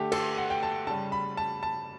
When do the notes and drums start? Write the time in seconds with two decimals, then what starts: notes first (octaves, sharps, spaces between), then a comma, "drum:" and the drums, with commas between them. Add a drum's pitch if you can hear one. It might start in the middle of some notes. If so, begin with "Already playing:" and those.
Already playing: D3 A3 G4
0.12 A4, drum: cymbal
0.37 F#5
0.50 G5
0.63 A5
0.87 C#3 G3 A5
1.12 B5
1.37 A5
1.63 A5